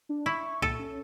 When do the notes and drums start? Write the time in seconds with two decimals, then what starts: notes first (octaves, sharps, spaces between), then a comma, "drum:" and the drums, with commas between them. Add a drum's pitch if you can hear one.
0.09 D4
0.26 E4 C#6
0.62 A#2 A4, drum: kick B1
0.79 C#4